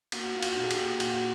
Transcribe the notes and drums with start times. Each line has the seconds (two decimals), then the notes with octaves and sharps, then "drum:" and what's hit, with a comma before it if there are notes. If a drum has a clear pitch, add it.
0.12 A#3 F#4, drum: cymbal
0.35 A#3 F4
0.43 F#4, drum: cymbal
0.56 A#2
0.63 G#4
0.71 G4, drum: cymbal
0.78 A#3
1.00 A#3 F#4, drum: cymbal